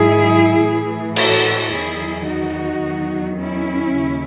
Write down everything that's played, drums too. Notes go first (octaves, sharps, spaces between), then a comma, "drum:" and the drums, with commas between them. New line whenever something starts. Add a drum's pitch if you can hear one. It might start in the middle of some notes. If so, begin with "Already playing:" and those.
Already playing: G#2 D#3 F#3 E4 G#4
A2 E3
F#4 A4, drum: cymbal
E2 D#3 F#3 E4 G#4
D#4 F#4
E2 D#3 F#3
C#4 E4
D#2 C#3